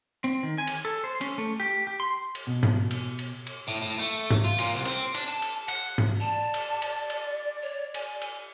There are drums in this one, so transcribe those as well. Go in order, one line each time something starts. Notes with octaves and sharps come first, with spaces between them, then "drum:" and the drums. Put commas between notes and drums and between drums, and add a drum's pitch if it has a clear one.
C4
D#3
G#5
drum: cymbal
A4
C5
C#4, drum: cymbal
A3
G4
G4
C6
drum: cymbal
B2
drum: tom G#2
drum: cymbal
drum: cymbal
drum: cymbal
A2
A2
A3
drum: tom G#2
F4
A#2, drum: cymbal
C2
C4, drum: cymbal
D4, drum: cymbal
A5
drum: cymbal
F#5, drum: cymbal
drum: tom G#2
D5 A5
drum: cymbal
drum: cymbal
drum: cymbal
C#5
G#5, drum: cymbal
drum: cymbal